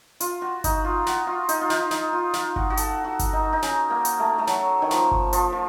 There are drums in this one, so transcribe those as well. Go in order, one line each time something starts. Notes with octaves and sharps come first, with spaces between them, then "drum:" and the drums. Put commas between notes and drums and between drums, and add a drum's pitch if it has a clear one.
F4, drum: hi-hat
F#4
D#4, drum: kick G1, hi-hat
F4
F#4, drum: snare
F4
D#4, drum: hi-hat
F4
D#4, drum: snare
D#4, drum: snare
F4
F4, drum: snare
F#4, drum: kick G1
F#4
A4, drum: hi-hat
F#4
drum: kick G1, hi-hat
D#4
D#4
C#4, drum: snare
A#3
drum: hi-hat
A3
A3
F#3, drum: snare
D#3
F3, drum: snare
drum: kick G1
F3, drum: hi-hat
F3